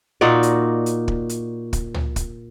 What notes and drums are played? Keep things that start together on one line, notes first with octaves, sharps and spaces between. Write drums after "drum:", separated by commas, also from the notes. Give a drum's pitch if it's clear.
A#2 D#4 F#4 D5
drum: hi-hat
drum: hi-hat
drum: kick
drum: hi-hat
drum: kick, hi-hat
drum: tom
drum: kick, hi-hat